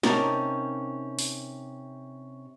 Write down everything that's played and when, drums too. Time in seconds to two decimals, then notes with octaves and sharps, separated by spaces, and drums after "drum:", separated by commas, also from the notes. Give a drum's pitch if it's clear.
0.03 C3 C#4 D#4 A#4 A5, drum: snare
1.19 drum: open hi-hat